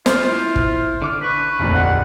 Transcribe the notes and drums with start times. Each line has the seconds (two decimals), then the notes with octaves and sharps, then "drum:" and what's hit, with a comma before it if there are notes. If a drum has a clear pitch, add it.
0.06 F4 C5, drum: snare
0.29 E4
0.56 drum: kick
1.02 D3 D6 F6
1.22 D4 B4 C#6
1.59 F1 A#1 D#2 D3
1.74 F#5